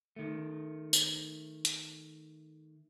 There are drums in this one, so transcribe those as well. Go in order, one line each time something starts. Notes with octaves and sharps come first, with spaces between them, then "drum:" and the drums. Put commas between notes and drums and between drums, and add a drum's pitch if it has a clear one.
D#3 A3
drum: tambourine
drum: hi-hat